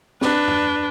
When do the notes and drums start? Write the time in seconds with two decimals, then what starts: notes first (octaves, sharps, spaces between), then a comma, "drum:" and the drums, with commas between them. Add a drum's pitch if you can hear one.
0.21 D4 B4, drum: snare C4
0.48 drum: tom F#2